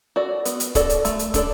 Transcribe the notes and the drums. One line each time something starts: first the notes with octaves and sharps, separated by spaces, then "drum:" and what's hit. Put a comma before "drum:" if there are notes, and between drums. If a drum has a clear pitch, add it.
F#4 A4 D5
B3, drum: hi-hat
drum: hi-hat
F#4 A4 D5, drum: kick, hi-hat
drum: hi-hat
A3, drum: hi-hat
drum: hi-hat
D4 A4 D5, drum: kick, hi-hat